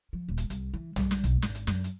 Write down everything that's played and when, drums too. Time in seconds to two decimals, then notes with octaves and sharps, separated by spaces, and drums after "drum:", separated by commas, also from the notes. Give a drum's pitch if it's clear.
0.13 F3
0.29 D#1
0.38 drum: hi-hat
0.50 C2, drum: hi-hat
0.74 E3
0.96 G3, drum: tom
1.11 drum: snare
1.24 B1, drum: hi-hat
1.42 G#1, drum: snare
1.55 drum: hi-hat
1.67 F#2, drum: snare
1.84 drum: hi-hat